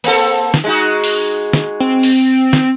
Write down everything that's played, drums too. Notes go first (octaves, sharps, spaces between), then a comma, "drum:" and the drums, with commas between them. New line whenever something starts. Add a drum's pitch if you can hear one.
A#3 C4 A4, drum: open hi-hat
drum: snare
G#3 D#4 F#4
drum: open hi-hat
drum: snare
C4
drum: open hi-hat
drum: snare